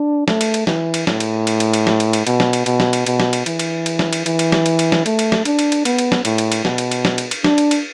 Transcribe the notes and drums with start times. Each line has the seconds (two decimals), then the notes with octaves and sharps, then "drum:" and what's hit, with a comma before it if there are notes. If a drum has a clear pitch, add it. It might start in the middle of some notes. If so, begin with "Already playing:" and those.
Already playing: D4
0.28 A3, drum: snare
0.41 drum: cymbal
0.54 drum: cymbal
0.67 E3, drum: snare
0.94 drum: cymbal
1.07 A2, drum: snare
1.20 drum: cymbal
1.47 drum: cymbal
1.60 drum: cymbal
1.74 drum: cymbal
1.87 drum: snare
2.00 drum: cymbal
2.13 drum: cymbal
2.27 B2, drum: cymbal
2.40 drum: snare
2.53 drum: cymbal
2.66 B2, drum: cymbal
2.80 drum: snare
2.93 drum: cymbal
3.06 B2, drum: cymbal
3.20 drum: snare
3.33 drum: cymbal
3.46 E3, drum: cymbal
3.59 drum: cymbal
3.86 drum: cymbal
3.99 drum: snare
4.13 drum: cymbal
4.26 E3, drum: cymbal
4.39 drum: cymbal
4.52 drum: snare
4.66 drum: cymbal
4.79 drum: cymbal
4.92 drum: snare
5.06 A3, drum: cymbal
5.19 drum: cymbal
5.32 drum: snare
5.45 D4, drum: cymbal
5.59 drum: cymbal
5.72 drum: cymbal
5.85 B3, drum: cymbal
5.98 drum: cymbal
6.12 drum: snare
6.25 A2, drum: cymbal
6.38 drum: cymbal
6.52 drum: cymbal
6.65 B2, drum: snare
6.78 drum: cymbal
6.91 drum: cymbal
7.05 drum: snare
7.18 drum: cymbal
7.31 drum: cymbal
7.44 D4, drum: snare
7.58 drum: cymbal
7.71 drum: cymbal